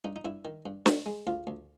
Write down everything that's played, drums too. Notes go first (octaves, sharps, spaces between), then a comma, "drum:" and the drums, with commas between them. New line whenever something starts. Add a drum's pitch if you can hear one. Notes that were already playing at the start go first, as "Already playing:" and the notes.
G2 D#4
D#4
G2 E4
D#3
G2
C3, drum: snare
G#3
D2 F4
D2